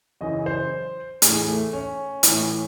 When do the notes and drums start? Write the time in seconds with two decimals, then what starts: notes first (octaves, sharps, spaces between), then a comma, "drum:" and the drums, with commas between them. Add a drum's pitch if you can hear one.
0.21 F#2 C#3 E3 D#5
0.46 C5
1.22 A2 E3 G#4, drum: hi-hat
1.48 A3
1.73 C#4
2.23 A2 E3, drum: hi-hat